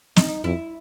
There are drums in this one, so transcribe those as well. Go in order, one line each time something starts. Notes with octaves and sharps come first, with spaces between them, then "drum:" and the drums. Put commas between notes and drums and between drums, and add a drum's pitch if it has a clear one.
D#4, drum: snare
F2 E4